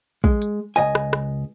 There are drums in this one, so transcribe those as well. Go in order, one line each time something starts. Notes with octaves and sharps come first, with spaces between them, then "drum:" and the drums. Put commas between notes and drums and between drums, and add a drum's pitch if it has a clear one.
G#3, drum: kick
drum: hi-hat
C#2 F#2 D#5 G#5, drum: hi-hat
drum: rim click
drum: rim click